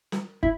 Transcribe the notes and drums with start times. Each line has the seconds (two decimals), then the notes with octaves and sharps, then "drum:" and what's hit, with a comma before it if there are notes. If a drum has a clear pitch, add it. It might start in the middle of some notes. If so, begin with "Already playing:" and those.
0.12 drum: snare
0.43 E4, drum: kick